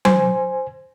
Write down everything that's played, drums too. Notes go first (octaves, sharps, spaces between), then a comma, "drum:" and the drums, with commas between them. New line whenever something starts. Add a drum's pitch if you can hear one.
C5 G#5, drum: tom F#3